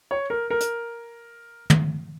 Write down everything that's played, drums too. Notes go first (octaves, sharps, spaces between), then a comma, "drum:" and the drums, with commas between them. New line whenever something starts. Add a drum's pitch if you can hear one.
C#5
A#4
A#4
drum: hi-hat
drum: tom